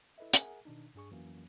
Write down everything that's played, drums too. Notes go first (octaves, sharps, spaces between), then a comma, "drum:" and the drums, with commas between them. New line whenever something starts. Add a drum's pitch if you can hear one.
E4 A4 B4 D#5 E5
G#4 A#4 E5 F#5 G#5, drum: hi-hat
B2 D#3 D4 D#4
G2 D4 G#4 C#6
F2 E3 F#3 A#3 C#4